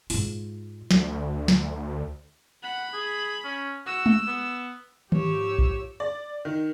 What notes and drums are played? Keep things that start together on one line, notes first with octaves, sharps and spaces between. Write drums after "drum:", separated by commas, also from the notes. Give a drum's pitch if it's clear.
G#2 F4, drum: open hi-hat
D2, drum: snare
drum: snare
F#5 B5
G#4
C#4
F#4 E6
drum: tom G#3
B3
G#2 F3 G4 C#5 E6, drum: tom D#3
drum: kick A#1
D5
D#3